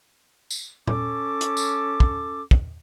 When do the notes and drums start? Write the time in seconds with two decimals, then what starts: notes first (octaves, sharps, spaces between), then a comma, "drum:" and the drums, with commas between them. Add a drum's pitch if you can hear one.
0.51 drum: tambourine
0.87 C#4 A4 D6, drum: tom
1.41 drum: hi-hat
1.57 drum: tambourine
2.00 drum: kick
2.51 drum: kick